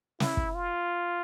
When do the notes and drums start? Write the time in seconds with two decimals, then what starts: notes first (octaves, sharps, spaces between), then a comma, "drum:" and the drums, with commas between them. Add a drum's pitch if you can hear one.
0.20 E4, drum: snare
0.37 drum: kick
0.55 F4